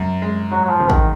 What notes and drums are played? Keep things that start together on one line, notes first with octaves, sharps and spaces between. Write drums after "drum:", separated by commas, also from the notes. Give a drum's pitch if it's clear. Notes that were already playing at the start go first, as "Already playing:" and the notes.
Already playing: F#2
G#3
G#2 F#3
F#3
F3
G#1
D#3, drum: kick